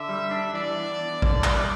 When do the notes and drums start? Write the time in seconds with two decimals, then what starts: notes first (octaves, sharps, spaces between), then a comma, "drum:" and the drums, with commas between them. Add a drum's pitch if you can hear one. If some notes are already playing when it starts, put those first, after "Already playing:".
Already playing: D3 E5
0.09 G3
0.31 D4
0.53 E3 D5
0.77 B3
1.00 D4
1.22 D3, drum: kick
1.44 G3, drum: clap